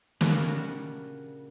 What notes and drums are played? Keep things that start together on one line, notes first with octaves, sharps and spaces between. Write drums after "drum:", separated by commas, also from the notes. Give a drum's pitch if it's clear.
A#2 C#3 G3 D4 F#4 A#4, drum: snare